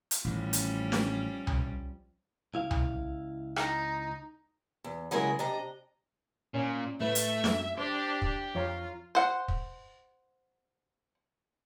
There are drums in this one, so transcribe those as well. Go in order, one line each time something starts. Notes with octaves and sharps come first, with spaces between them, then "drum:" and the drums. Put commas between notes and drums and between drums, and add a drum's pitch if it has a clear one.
drum: hi-hat
A1 A2 D#3 F3 G3 C#4
drum: hi-hat
drum: snare
drum: tom C2
C#2 E4 F5
drum: tom C2
D#4, drum: rim click
E2
C#3 F#3 G#3 E4 G#4 A#4
C3 D4 D#5 A#5
A#2 C#4 D5
A2 A3 B4 E5
drum: hi-hat
F#2, drum: snare
D4 G4 C5
drum: kick
F2 F4 C#5 A#5
C5 F#5
drum: kick